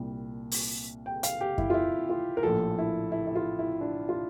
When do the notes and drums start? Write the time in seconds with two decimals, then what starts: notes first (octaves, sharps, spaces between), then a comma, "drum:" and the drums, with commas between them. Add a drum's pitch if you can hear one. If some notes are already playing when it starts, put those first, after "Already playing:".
Already playing: C2 A#2 G3
0.51 drum: open hi-hat
1.06 G5
1.23 F5, drum: hi-hat
1.41 G4
1.58 E4, drum: kick F#2
1.70 F4
1.74 E4
2.09 F4
2.37 A#4
2.43 A#1 A2 F3 A4
2.78 E4
3.12 E4
3.27 E4
3.35 F4
3.59 E4
3.81 D4
4.09 F4